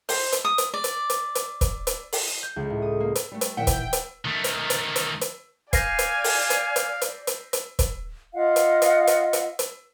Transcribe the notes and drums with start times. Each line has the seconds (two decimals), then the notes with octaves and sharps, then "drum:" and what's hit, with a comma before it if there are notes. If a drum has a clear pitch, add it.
0.09 C5, drum: open hi-hat
0.32 drum: hi-hat
0.45 D#6
0.58 drum: hi-hat
0.74 D5
0.84 drum: hi-hat
1.10 drum: hi-hat
1.35 drum: hi-hat
1.61 drum: kick, hi-hat
1.87 drum: hi-hat
2.13 drum: open hi-hat
2.27 D#7
2.43 G6
2.56 C#2
2.70 A2
2.82 D#6
3.00 A#3
3.15 drum: hi-hat
3.32 G3 A3
3.41 drum: hi-hat
3.57 A#2 D#3 E3 E5 F#5 G5
3.67 drum: kick, hi-hat
3.93 drum: hi-hat
4.25 D#3 A3
4.44 drum: hi-hat
4.70 drum: hi-hat
4.96 drum: hi-hat
5.21 drum: hi-hat
5.73 D5 F5 G#5 G6 A#6 C7, drum: kick, hi-hat
5.99 drum: hi-hat
6.24 drum: open hi-hat
6.50 drum: hi-hat
6.76 drum: hi-hat
7.01 drum: hi-hat
7.27 drum: hi-hat
7.53 drum: hi-hat
7.79 drum: kick, hi-hat
8.34 F4 D#5 F5 F#5
8.56 drum: hi-hat
8.82 drum: hi-hat
9.07 drum: hi-hat
9.33 drum: hi-hat
9.59 drum: hi-hat